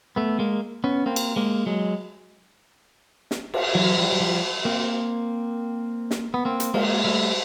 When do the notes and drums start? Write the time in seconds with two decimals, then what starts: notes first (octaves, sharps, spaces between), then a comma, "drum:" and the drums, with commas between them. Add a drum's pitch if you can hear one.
0.16 A3 B3
0.39 G#3 A#3
0.84 B3 C#4
1.06 A#3 C4
1.16 drum: cymbal
1.36 G#3 A#3
1.66 F#3 G#3
3.31 drum: snare
3.54 drum: cymbal
3.75 E3 F#3
3.97 F3 G3
4.12 F#3
4.20 F3 G3
4.65 A#3 C4
6.11 drum: snare
6.34 B3
6.45 A#3 C4
6.60 drum: hi-hat
6.74 G#3 A#3, drum: cymbal
7.04 G3 A3